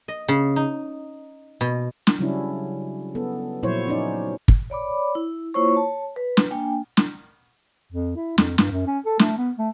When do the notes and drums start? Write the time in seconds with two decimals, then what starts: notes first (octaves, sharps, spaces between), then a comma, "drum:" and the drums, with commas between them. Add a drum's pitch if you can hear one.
0.08 D#5
0.28 C#3
0.56 D#4
1.61 B2
2.07 drum: snare
2.19 C#3 F#3 G3 C#4 D4 E4
3.15 B3 A4
3.63 A#2 F3 F#3 E4 C5 C#5
3.88 C#4 D#4 D5
4.48 drum: kick
4.70 C#5 D5 B5 D6
5.15 E4
5.54 A#3 E4 F4 C5 C#5 C#6
5.73 C#5 A5
6.16 B4
6.37 drum: snare
6.51 A#3 D4 G5 G#5
6.97 drum: snare
7.93 F2
8.16 E4
8.38 F2, drum: snare
8.58 G2, drum: snare
8.71 F#2
8.87 C#4
9.06 A4
9.19 A3, drum: snare
9.38 B3
9.58 A3